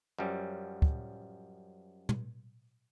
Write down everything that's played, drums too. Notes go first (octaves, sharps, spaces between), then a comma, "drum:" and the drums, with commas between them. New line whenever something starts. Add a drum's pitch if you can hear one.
F#2 F3 G3 C#4
drum: kick
drum: tom